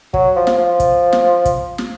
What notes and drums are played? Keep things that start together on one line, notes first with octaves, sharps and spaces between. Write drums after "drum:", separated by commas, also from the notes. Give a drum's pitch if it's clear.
F#3, drum: kick
F3
drum: snare
F3
drum: kick, hi-hat
drum: snare
drum: kick, hi-hat
drum: snare